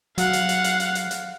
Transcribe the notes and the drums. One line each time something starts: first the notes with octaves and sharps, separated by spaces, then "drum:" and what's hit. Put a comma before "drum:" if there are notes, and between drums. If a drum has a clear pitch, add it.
F#3 F5 F#5, drum: hi-hat
drum: hi-hat
drum: hi-hat
drum: hi-hat
drum: hi-hat
drum: hi-hat
drum: hi-hat